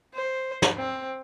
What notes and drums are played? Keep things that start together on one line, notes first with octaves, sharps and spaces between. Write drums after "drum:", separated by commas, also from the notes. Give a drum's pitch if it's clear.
C5
drum: snare
C4